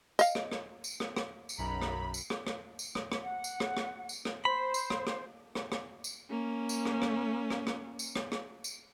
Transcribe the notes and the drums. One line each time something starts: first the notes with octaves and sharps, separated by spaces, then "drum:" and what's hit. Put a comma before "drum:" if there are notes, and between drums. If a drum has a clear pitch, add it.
D#5 F5, drum: tambourine
drum: rim click
drum: rim click
drum: tambourine
drum: rim click
drum: rim click
drum: tambourine
B1 F#2 A#5 B5
drum: rim click
drum: tambourine
drum: rim click
drum: rim click
drum: tambourine
drum: rim click
drum: rim click
F#5
drum: tambourine
drum: rim click
drum: rim click
drum: tambourine
drum: rim click
C5 B5
drum: tambourine
drum: rim click
drum: rim click
drum: rim click
drum: rim click
drum: tambourine
A#3 C#4
drum: tambourine
drum: rim click
drum: rim click
drum: rim click
drum: rim click
drum: tambourine
drum: rim click
drum: rim click
drum: tambourine